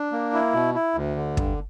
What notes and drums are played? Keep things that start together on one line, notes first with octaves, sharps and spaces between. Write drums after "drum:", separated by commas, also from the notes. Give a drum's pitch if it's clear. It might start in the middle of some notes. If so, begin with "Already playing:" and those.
Already playing: D4
A#3
E4
B2
E4
D2
D3
G2, drum: kick